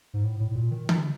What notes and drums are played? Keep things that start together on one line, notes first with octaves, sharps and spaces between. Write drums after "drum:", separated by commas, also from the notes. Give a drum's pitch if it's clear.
G#2
A2
A2
A2
A#2
D#3
drum: tom D3